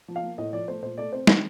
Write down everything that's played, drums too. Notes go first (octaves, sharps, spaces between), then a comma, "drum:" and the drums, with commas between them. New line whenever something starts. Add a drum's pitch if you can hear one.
F3
F5
A#3
A2 D#5
F3 D5
A3 C5
A#2 C5
A3 D5
C4 C5
D#3, drum: snare